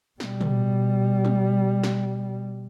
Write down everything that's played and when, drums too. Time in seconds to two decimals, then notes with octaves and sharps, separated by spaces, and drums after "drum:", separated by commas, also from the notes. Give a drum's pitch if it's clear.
0.20 B2 G3, drum: snare
0.41 drum: tom
1.25 drum: tom
1.83 drum: snare